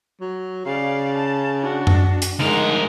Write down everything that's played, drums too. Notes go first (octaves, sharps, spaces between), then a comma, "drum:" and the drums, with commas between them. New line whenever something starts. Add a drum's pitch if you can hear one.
F#3
C#3 D5 F5
A5
D4 F#4
drum: tom F#2
drum: hi-hat
D2 G#3 D#4 A#4 F#5